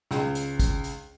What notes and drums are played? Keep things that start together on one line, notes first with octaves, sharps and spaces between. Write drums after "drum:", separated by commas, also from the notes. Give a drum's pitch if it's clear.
C#2, drum: snare
drum: hi-hat
drum: kick, hi-hat
drum: hi-hat